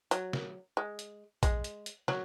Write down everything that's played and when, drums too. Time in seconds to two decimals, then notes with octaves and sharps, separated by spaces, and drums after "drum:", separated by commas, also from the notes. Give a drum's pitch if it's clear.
0.11 F#3, drum: hi-hat
0.33 drum: snare
0.77 G#3
0.99 drum: hi-hat
1.43 G#3, drum: kick A#1, hi-hat
1.64 drum: hi-hat
1.86 drum: hi-hat
2.08 F#3, drum: snare